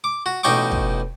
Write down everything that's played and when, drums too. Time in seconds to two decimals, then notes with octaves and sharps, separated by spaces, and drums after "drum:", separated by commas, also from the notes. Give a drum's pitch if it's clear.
0.04 D6
0.26 F#4
0.43 A1 B2 D#4 G5 C#6 D6
0.72 drum: kick